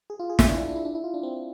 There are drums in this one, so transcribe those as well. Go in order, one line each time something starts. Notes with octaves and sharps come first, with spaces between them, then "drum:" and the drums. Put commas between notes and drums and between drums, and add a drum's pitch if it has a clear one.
G#4
F4
G#4
E4, drum: snare
D4
D4
D4
E4
D4
E4
F4
D4
C4